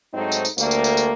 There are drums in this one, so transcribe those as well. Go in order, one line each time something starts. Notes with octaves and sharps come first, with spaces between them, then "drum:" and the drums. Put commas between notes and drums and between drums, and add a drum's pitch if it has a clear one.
G#2 F#3 A3 C4 D#4
drum: tambourine
drum: tambourine
D2 D3 G3 A3 A#3, drum: tambourine
drum: tambourine
drum: tambourine
drum: tambourine